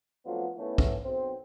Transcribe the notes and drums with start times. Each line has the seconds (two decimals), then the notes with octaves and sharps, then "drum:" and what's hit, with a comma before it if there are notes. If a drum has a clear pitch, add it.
0.25 F2 F#3 A3 B3 D4 F4
0.56 D#3 A3 B3 C#4 E4
0.78 drum: kick
1.04 B1 C4 C5